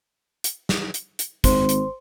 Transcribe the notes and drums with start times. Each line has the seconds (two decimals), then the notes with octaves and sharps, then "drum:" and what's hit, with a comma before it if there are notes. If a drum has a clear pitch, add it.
0.44 drum: hi-hat
0.69 drum: snare
0.94 drum: hi-hat
1.19 drum: hi-hat
1.44 G#1 C5 C6, drum: kick, hi-hat
1.69 drum: hi-hat